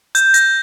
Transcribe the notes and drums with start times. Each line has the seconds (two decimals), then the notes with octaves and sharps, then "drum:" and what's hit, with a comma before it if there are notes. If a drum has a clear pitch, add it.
0.15 G6, drum: hi-hat
0.34 A#6, drum: hi-hat